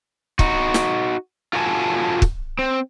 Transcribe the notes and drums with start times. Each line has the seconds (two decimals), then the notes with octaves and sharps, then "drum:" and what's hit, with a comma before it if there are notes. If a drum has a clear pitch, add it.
0.39 D#4 F#4, drum: kick
0.74 drum: snare
1.53 F4 F#4 A4 D5 G#5 A5
2.22 drum: kick
2.59 C4